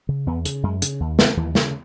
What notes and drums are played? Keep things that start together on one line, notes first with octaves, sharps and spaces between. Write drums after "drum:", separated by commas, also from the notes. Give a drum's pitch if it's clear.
C#3
E2 B3
C#3, drum: hi-hat
F#2 G#3
C#3, drum: hi-hat
D#2
C#3, drum: snare
B3
D#2 E3
C#3, drum: snare